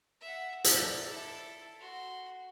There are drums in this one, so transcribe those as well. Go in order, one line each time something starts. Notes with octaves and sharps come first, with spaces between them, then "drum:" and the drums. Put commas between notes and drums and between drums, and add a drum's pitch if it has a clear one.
E5 F#5
D5, drum: hi-hat
E4 A4
F#4 C6